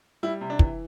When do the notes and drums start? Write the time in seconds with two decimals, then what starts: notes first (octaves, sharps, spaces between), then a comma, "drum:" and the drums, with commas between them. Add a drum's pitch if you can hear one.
0.23 G3 E4
0.41 C3
0.50 D4
0.59 E3, drum: kick